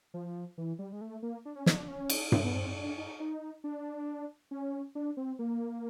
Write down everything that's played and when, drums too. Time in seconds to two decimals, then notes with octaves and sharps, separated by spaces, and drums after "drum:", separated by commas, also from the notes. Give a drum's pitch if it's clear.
0.14 F3
0.58 E3
0.79 G3
0.92 G#3
1.01 A3
1.23 A#3
1.45 D4
1.56 C#4
1.66 D#4, drum: snare
1.77 D4
1.88 C#4
2.10 drum: cymbal
2.32 C#4, drum: tom G2
2.44 B3
2.54 C4
2.76 D4
2.98 D#4
3.20 D#4
3.64 D4
4.51 C#4
4.95 D4
5.17 C4
5.39 A#3